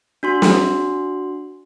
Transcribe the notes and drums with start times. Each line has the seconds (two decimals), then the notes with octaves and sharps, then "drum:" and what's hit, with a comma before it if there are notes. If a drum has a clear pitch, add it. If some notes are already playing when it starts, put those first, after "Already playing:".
0.23 D4 F#4 C6
0.42 drum: snare